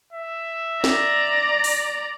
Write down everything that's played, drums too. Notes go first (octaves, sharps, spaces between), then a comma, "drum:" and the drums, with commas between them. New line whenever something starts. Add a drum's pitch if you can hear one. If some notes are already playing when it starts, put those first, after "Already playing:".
E5
D5 A#5, drum: snare
drum: open hi-hat